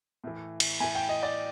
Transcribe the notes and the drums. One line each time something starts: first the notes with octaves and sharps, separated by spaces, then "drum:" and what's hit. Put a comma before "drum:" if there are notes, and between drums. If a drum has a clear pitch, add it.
A2 E3
drum: cymbal
A2 E3 G#5
G5
D#5
D5